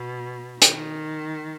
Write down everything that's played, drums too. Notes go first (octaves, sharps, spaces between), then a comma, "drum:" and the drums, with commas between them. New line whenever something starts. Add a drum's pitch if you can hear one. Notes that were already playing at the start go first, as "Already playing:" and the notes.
Already playing: B2
D#3, drum: hi-hat